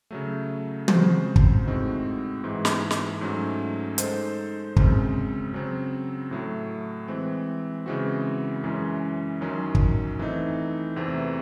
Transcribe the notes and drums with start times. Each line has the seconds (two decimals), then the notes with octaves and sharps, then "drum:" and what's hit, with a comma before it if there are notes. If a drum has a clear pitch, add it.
0.11 C#3 F#3 A3
0.88 C#3 G#3 C4 F#4 C5, drum: tom
1.36 drum: kick
1.66 A2 G#3 C4 D#4 F#4
2.44 G#2 E3 G#3
2.65 drum: snare
2.91 drum: snare
3.21 G#2 F#3 A3 C#4
3.98 G#3 D#4 A4 C5, drum: hi-hat
4.76 F#2 C#3 G#3 C4, drum: kick
5.54 C#3 F#3 C4
6.31 A2 F#3 A3
7.08 E3 G#3 C4
7.86 C#3 E3 G#3 C4 F#4
8.64 F#2 E3 G#3 C#4
9.41 F#2 D#3 F#3 C#4
9.75 drum: kick
10.19 E3 A3 C4 D#4
10.96 E2 C3 E3 A3 C4